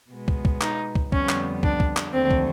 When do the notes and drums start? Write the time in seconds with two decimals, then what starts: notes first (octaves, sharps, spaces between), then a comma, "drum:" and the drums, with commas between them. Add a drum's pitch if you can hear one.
0.11 B2 G#3 B3
0.28 drum: kick
0.45 drum: kick
0.61 D#4, drum: clap
0.95 drum: kick
1.12 F2 D3 G3 B3 C#4, drum: kick
1.29 drum: clap
1.63 D4, drum: kick
1.80 drum: kick
1.97 drum: clap
2.13 D#2 D3 F3 A3 C4
2.31 drum: kick